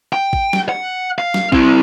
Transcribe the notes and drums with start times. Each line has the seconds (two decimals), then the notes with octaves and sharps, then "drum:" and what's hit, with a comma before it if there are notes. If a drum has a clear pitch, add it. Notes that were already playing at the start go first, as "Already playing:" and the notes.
0.13 G5
0.33 drum: kick
0.53 drum: snare
0.69 F#5
1.18 F5
1.34 drum: snare
1.52 C4 E4, drum: kick